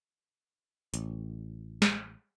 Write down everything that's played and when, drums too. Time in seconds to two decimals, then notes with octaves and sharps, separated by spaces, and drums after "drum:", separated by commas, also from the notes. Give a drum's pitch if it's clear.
0.94 A1, drum: hi-hat
1.82 drum: snare